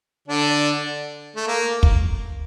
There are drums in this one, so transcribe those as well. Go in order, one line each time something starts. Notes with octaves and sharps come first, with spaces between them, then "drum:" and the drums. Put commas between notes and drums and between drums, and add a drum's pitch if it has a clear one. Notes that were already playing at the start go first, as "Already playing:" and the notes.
D3 D4
A3
A#3
drum: kick